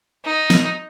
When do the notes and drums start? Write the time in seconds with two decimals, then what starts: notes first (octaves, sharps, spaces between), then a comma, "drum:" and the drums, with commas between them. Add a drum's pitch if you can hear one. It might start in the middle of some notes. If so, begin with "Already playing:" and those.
0.25 D#4
0.50 drum: snare